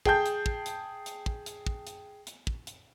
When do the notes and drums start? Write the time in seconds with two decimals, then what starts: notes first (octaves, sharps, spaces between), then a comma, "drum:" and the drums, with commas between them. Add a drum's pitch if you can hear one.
0.05 G#4 G5 A5 G6, drum: kick
0.26 drum: hi-hat
0.46 drum: kick
0.66 drum: hi-hat
1.06 drum: hi-hat
1.26 drum: kick
1.46 drum: hi-hat
1.66 drum: kick
1.87 drum: hi-hat
2.27 drum: hi-hat
2.47 drum: kick
2.67 drum: hi-hat